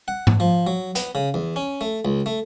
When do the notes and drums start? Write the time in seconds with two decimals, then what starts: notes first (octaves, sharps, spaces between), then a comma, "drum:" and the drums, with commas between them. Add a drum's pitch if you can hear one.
0.08 F#5
0.27 drum: tom
0.40 F3
0.67 F#3
0.95 B3, drum: hi-hat
1.15 C#3
1.34 E2
1.56 C#4
1.81 A3
2.05 C#2
2.26 A3